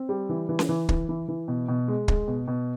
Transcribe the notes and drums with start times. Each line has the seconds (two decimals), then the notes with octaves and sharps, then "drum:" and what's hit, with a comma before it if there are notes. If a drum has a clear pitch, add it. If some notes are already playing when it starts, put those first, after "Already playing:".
Already playing: C4
0.09 G3
0.29 E3
0.49 E3
0.59 drum: snare C#4
0.69 E3
0.89 E3, drum: kick
1.09 E3
1.28 E3
1.48 B2
1.68 B2
1.88 G#3
2.08 G#3, drum: kick
2.28 B2
2.48 B2